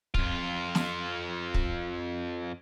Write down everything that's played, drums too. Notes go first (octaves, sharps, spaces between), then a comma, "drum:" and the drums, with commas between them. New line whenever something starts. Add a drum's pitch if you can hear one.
F2 F4, drum: kick
drum: snare
drum: kick